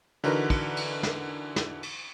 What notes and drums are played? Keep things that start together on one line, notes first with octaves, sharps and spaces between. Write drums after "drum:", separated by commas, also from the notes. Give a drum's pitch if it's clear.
D3 E3 D#4 F#4 A#4 B4, drum: cymbal
drum: kick, cymbal
drum: cymbal
drum: snare
drum: snare
drum: cymbal